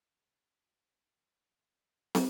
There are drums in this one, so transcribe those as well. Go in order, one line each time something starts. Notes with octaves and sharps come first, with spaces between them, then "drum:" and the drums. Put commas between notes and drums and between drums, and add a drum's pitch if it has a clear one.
D#3 F3 G3 C4
drum: snare